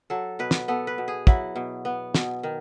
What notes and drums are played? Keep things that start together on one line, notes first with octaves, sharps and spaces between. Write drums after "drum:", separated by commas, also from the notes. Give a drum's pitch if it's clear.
F#3 A4
B2 B4
drum: snare
B3 A4
B4
B2
G#4
F#3 E4, drum: kick
B2
B3
B2, drum: snare
D#3